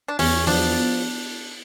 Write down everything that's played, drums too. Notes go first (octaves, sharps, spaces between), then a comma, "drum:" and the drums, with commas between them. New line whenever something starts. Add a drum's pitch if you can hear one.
D4
E2 C#4, drum: open hi-hat
F3 D4, drum: open hi-hat